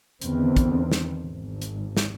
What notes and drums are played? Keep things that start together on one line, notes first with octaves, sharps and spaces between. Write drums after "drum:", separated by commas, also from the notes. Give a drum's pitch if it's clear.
E2 D3 D#3 C4, drum: hi-hat
drum: kick, hi-hat
drum: snare
G#1
drum: hi-hat
drum: snare